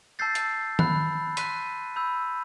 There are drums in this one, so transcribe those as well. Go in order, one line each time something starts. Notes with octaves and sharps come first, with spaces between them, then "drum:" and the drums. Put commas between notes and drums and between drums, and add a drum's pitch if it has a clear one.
A5 E6 G6 A6 C7
drum: hi-hat
B5 F#6, drum: tom D#3
C6 F#6 B6 D#7, drum: hi-hat
B5 E6 G6